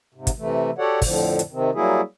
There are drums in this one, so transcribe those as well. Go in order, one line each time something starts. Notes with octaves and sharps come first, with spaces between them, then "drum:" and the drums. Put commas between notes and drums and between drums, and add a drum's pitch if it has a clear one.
G#2 C3
drum: kick, hi-hat
C3 E3 A3
F#4 G4 A4 C#5 D5 F#5
F2 A2 D3 F3, drum: kick, open hi-hat
drum: hi-hat
C3 D#3 C4
F#3 G3 A#3 E4 F#4 G#4